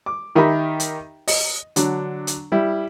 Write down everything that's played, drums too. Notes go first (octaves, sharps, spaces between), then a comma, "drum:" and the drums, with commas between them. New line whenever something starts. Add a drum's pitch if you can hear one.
D6
D#3 D#4 G4 A#4 E5 B5
drum: hi-hat
D#5, drum: open hi-hat
D3 F#3 D4, drum: hi-hat
drum: hi-hat
G3 E4